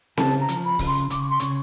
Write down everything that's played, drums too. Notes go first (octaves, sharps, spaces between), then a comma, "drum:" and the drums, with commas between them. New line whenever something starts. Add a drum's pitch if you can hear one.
C#3 A5, drum: snare C4
A#5
F3, drum: hi-hat
B5
C#3, drum: kick, open hi-hat
C6
C#3 D6, drum: hi-hat
C#6
C6
C#3 C#6, drum: hi-hat